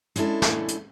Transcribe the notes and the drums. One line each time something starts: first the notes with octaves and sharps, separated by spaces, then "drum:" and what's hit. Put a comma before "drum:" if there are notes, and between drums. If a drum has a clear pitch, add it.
G#3 C#4 D4 E4 A4, drum: hi-hat
drum: snare
drum: hi-hat